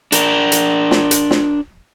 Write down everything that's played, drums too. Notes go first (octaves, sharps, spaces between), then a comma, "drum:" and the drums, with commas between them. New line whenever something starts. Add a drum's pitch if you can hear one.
D4 A#4, drum: hi-hat
drum: hi-hat
drum: snare
drum: hi-hat
drum: snare